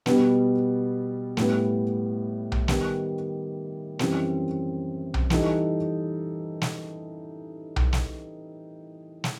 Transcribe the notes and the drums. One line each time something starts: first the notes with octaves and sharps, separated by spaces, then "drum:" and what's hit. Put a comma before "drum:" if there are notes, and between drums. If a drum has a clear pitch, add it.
B2 G3 B3, drum: snare
A2 G3 B3, drum: snare
drum: tom B1
D#3 G3 B3, drum: snare
F#2 E3 G3 C4, drum: snare
drum: tom B1
E3 G3 D#4 A4, drum: snare
drum: snare
drum: tom B1
drum: snare
drum: snare